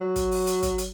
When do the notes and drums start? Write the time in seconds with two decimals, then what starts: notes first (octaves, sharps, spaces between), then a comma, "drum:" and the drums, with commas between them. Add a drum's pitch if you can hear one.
0.01 F#3
0.16 drum: kick, hi-hat
0.31 drum: open hi-hat
0.47 drum: hi-hat
0.63 drum: kick, hi-hat
0.78 drum: hi-hat